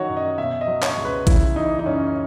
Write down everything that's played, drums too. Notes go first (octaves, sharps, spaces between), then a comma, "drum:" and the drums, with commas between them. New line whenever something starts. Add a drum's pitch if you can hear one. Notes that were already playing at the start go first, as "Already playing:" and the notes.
Already playing: D#3 F#3 D#4 F#4 C#5
F#2
D#5
B2 E5
D#5
F#3
C#5, drum: clap
C#2
B4
C#3 E4, drum: kick A1, hi-hat
E3 D#4
D#4
F#2 C#4